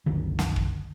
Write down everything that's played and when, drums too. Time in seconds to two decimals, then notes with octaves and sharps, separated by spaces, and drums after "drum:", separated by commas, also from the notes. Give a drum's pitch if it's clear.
0.06 F#1 C2 D3 D#3
0.39 drum: snare
0.56 drum: kick